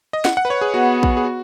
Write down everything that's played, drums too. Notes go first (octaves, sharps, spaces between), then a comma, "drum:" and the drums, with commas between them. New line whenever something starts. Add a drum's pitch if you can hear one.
D#5
F#5, drum: snare
F#5
B4
C#5
G#4
B3 F#4
drum: kick
G#4
F#4